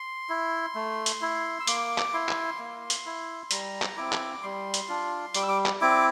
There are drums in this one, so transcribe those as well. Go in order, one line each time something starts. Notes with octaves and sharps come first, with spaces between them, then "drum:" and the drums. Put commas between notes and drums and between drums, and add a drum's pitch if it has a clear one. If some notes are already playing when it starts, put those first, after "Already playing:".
Already playing: C6
E4
A3
drum: hi-hat
E4
E6
A#3 D6, drum: hi-hat
drum: clap
E4 C6
drum: clap
A#3
drum: hi-hat
E4
G3 A#5, drum: hi-hat
drum: clap
C4 E4 D6
drum: clap
G3 C6
drum: hi-hat
D4 F4
G3 D6, drum: hi-hat
E6
D6
drum: clap
C4 E4 D6